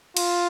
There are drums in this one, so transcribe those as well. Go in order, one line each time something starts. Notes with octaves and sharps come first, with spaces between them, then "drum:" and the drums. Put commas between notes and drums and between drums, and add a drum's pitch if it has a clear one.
F4, drum: cymbal